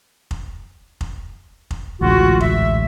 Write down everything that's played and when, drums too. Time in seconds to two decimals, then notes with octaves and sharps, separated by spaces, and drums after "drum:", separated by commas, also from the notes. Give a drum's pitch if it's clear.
0.31 drum: kick F1
1.01 drum: kick F1
1.71 drum: kick F1
2.01 A1 D2 G#2 F4 F#4
2.41 E5, drum: kick F1